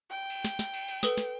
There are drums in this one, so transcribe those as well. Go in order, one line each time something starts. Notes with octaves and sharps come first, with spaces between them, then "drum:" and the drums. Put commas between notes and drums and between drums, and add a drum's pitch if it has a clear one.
G5
drum: cymbal
drum: snare
drum: snare
drum: cymbal
drum: cymbal
A4 B4 D#6, drum: snare
drum: snare